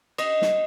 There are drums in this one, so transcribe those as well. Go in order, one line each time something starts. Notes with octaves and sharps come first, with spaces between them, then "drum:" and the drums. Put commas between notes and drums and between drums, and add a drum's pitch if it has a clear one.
D#5, drum: cymbal
drum: snare